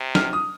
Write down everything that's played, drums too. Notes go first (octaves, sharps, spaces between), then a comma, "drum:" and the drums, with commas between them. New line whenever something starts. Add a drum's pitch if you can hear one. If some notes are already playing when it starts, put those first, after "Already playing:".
Already playing: C3
F6, drum: snare
D#6